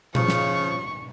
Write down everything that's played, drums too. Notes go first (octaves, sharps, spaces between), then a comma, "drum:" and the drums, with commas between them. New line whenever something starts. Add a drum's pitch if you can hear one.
C#3 F3 C#6, drum: tom A#2
drum: snare